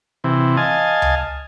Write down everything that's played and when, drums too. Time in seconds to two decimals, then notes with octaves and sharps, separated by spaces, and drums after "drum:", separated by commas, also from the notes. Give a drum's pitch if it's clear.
0.24 C3 E3
0.57 D#5 F5 G#5 A5
1.02 drum: tom C#2